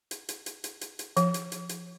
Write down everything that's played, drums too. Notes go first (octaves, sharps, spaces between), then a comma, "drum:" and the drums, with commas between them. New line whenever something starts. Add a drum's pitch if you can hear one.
drum: hi-hat
drum: hi-hat
drum: hi-hat
drum: hi-hat
drum: hi-hat
drum: hi-hat
F3, drum: hi-hat
drum: hi-hat
drum: hi-hat
drum: hi-hat